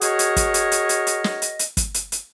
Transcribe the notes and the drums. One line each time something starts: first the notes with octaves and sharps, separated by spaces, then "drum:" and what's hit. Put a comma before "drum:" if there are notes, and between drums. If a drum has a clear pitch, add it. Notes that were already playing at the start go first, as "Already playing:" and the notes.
F#4 G#4 A#4 C#5 D#5, drum: hi-hat
drum: hi-hat
drum: kick, hi-hat
drum: hi-hat
drum: hi-hat
drum: hi-hat
drum: hi-hat
drum: snare
drum: hi-hat
drum: hi-hat
drum: kick, hi-hat
drum: hi-hat
drum: hi-hat